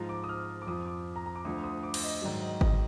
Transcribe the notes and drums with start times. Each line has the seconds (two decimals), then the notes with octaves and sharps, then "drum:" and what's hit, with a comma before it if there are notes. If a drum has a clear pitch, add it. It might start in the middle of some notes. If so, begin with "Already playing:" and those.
Already playing: G#2 F3 A#5
0.09 D6
0.24 D#6
0.29 F6
0.62 D6
0.67 F2 F3 D#6
0.86 D6
1.16 A#5
1.26 A#5
1.36 D6
1.45 D2 D3 F3 D#6
1.64 D#6
1.83 D6
1.94 drum: cymbal
2.04 D#5
2.22 G#2 D#3 F#3 D5
2.42 D#5
2.61 D#5, drum: kick G1